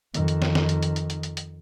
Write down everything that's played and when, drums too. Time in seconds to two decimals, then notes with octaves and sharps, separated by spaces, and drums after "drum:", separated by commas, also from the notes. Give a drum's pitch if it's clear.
0.14 F2 D#3, drum: hi-hat
0.28 drum: hi-hat
0.42 drum: snare
0.55 drum: snare
0.69 drum: hi-hat
0.83 drum: hi-hat
0.96 drum: hi-hat
1.10 drum: hi-hat
1.23 drum: hi-hat
1.37 drum: hi-hat